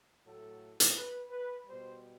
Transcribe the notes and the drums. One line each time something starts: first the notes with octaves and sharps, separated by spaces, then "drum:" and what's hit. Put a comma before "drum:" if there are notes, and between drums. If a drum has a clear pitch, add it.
A2 F#3 A3 A4
drum: hi-hat
B4
B4
B2 G3 C5